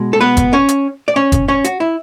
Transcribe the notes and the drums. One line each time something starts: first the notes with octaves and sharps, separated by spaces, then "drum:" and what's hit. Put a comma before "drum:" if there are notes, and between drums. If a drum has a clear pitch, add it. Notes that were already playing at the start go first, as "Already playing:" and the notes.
Already playing: B2 G#3
A4
B3 B4
drum: kick F#1, hi-hat
C#4 C#5
drum: hi-hat
D5
C#4 C#5
drum: kick F#1, hi-hat
C#4 C#5
F#4, drum: hi-hat
E4